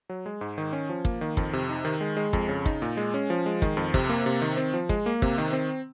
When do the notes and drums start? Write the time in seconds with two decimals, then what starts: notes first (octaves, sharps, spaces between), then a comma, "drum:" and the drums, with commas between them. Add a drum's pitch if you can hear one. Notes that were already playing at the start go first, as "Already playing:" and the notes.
0.09 F#3
0.26 G#3
0.41 G#2
0.58 D#3
0.73 C#4
0.89 F3
1.05 A#3, drum: kick
1.21 D#3
1.37 F2, drum: kick
1.53 C3
1.70 D#4
1.85 D#3
2.01 G#3
2.17 G#3
2.33 F2, drum: kick
2.49 C#3
2.66 D#4, drum: kick
2.82 A#2
2.97 G#3
3.14 C#4
3.30 F3
3.46 G#3
3.62 D#3, drum: kick
3.77 F2
3.94 C3, drum: kick
4.09 A#3
4.26 C3
4.42 D#3
4.57 C4
4.74 F3
4.89 G#3, drum: kick
5.06 A#3
5.22 C3, drum: kick
5.38 D#3
5.53 C4